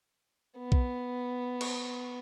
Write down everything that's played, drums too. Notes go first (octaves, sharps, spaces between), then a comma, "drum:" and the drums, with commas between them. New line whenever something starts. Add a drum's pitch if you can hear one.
B3
drum: kick B1
drum: cymbal